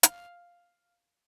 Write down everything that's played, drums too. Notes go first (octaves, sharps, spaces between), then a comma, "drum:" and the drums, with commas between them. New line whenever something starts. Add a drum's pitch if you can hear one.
F5, drum: hi-hat